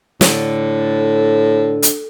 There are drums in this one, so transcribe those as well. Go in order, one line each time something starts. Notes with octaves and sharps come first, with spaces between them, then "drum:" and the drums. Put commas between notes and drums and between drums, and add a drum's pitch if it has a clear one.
A2 D3, drum: snare
drum: hi-hat